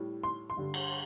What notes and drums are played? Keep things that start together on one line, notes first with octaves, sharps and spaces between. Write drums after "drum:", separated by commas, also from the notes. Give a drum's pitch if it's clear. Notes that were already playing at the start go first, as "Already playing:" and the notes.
Already playing: A2 G3
C6
C6
G2 D3 G3
drum: cymbal